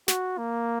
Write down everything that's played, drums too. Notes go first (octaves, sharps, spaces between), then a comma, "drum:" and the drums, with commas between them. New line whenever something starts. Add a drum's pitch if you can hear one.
F#4, drum: snare
A#3